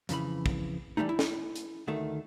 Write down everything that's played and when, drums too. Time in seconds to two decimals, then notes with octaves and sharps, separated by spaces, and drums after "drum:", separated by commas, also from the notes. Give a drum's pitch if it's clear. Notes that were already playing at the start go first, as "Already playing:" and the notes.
0.09 F2 C#3 E3 B5, drum: hi-hat
0.46 drum: kick
0.97 E3 F3 G3 A3 D#4
1.09 E4
1.19 drum: snare
1.56 drum: hi-hat
1.88 D2 D#3 A3 E5